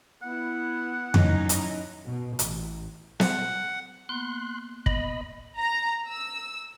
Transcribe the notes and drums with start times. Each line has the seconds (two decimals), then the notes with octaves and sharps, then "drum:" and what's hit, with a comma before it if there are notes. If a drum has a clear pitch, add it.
0.23 B3 E4 F#5
1.14 F#3 C#4 D#4, drum: tom F2
1.49 E4 D#5 A#5, drum: hi-hat
2.06 B2
2.39 A1, drum: hi-hat
3.20 F#5, drum: snare
4.09 A#3 B3 C6 F#6
4.86 B3 D#5 B5, drum: kick
5.58 A#5
6.08 E6